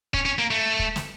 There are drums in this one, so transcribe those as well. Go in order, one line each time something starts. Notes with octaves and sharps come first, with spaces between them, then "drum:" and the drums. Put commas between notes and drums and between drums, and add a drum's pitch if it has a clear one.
C#4, drum: kick
C#4
A#3
A3
drum: kick
drum: snare